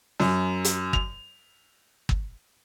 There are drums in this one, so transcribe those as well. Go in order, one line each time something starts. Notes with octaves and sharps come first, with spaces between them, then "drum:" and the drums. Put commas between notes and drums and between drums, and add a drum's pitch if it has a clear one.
F#2, drum: snare
drum: hi-hat
F7, drum: kick
drum: kick